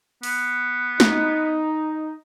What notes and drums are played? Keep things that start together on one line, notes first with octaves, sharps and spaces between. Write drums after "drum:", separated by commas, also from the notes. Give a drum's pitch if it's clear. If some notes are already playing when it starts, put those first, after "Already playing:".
B3, drum: open hi-hat
D#4, drum: snare